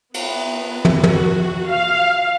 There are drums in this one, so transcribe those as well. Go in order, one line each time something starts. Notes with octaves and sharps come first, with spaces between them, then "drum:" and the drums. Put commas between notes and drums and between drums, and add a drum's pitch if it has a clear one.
B3, drum: cymbal
drum: tom
F#4, drum: tom
F5